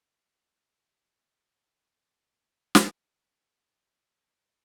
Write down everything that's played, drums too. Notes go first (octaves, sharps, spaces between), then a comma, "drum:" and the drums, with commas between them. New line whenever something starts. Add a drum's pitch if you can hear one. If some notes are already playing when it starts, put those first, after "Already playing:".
Already playing: A4
A4
G4
F#4
A4
G#4
A4
drum: snare
G#4